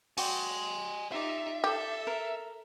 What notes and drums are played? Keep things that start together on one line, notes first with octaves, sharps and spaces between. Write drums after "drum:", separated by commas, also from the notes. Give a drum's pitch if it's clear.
F#4 D5 G5 G#5 C6, drum: open hi-hat
D#4 F4 G4 D5 E5
G4 A4
A#4